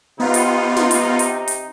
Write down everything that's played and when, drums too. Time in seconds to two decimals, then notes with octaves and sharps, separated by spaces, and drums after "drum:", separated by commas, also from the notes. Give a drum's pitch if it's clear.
0.20 C3 B3 D#4 F4
0.34 drum: hi-hat
0.76 drum: snare
0.91 drum: hi-hat
1.19 drum: hi-hat
1.48 drum: hi-hat